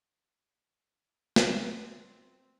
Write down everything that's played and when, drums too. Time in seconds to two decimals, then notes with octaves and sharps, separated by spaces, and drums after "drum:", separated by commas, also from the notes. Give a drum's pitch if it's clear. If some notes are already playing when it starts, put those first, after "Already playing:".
1.36 drum: snare
1.66 C4